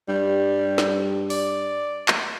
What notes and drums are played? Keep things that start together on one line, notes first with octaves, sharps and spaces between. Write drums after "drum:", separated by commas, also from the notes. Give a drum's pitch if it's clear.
G2 G3
drum: snare
D5, drum: open hi-hat
drum: clap